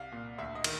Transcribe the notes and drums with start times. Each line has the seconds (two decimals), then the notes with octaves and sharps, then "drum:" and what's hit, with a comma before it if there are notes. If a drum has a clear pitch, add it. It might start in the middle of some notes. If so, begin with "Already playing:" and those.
Already playing: C2 F5
0.12 A#2
0.38 D2 E5
0.55 D#5
0.64 D#3, drum: cymbal